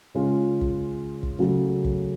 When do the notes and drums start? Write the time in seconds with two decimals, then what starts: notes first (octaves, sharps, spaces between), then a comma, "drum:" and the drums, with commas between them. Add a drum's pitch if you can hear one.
0.14 C#3 G#3 C#4 F4
0.61 drum: kick
1.23 drum: kick
1.39 C#3 F#3 A3
1.84 drum: kick